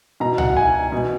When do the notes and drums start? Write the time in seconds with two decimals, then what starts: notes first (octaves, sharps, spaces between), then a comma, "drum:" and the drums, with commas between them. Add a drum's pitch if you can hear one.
0.20 B2 A#5
0.38 F#5, drum: tom C2
0.57 G#5
0.92 B2